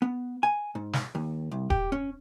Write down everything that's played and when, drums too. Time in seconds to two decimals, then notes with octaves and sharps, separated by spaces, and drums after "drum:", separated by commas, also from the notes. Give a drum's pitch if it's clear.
0.02 B3
0.43 G#5
0.75 G#2
0.93 drum: snare
1.15 D#2
1.51 C2
1.70 G4, drum: kick D#1
1.92 C#4